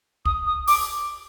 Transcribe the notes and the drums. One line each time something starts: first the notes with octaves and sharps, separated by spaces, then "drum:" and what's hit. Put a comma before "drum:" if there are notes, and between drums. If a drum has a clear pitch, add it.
D#6, drum: kick
D#6
D6, drum: open hi-hat